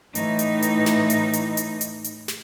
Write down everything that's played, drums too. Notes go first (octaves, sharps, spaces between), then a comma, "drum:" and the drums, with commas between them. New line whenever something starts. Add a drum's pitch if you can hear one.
A2 E3 D#4, drum: hi-hat
drum: hi-hat
drum: hi-hat
drum: snare
drum: hi-hat
drum: hi-hat
drum: hi-hat
drum: hi-hat
drum: hi-hat
drum: snare